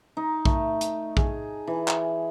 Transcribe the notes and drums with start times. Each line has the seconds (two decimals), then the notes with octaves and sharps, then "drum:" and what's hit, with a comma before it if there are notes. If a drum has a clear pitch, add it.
0.17 D#4
0.45 A3, drum: kick A#1
0.81 drum: hi-hat
1.17 G#4, drum: kick A#1
1.67 E3
1.88 drum: clap